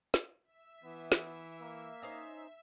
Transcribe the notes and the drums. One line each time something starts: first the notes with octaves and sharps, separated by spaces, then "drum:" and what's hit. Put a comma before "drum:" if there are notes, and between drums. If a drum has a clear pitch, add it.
drum: snare
E5
E3 B3
drum: snare
A#3
C#4 D#4 C5